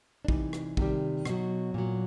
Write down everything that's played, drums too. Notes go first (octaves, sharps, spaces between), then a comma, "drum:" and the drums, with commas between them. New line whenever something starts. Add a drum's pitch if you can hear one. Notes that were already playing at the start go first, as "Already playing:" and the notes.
D4
C3 E3 G3 D#4, drum: kick
drum: rim click
C3 D#3 G3, drum: kick
B2 F#3, drum: rim click
A#2 F#3